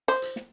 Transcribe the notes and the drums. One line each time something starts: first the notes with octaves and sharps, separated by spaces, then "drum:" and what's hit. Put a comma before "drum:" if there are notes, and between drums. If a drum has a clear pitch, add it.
C5, drum: hi-hat
drum: hi-hat
drum: snare